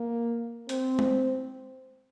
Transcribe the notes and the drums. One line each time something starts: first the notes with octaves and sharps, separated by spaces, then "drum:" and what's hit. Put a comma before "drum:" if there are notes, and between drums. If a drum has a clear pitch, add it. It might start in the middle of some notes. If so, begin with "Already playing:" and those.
Already playing: A#3
C4, drum: hi-hat
drum: tom G#3